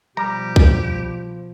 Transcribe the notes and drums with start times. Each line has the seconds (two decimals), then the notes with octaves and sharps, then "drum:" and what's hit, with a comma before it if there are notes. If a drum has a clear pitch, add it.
0.17 B2 F3 G3 G4 A#5
0.56 drum: kick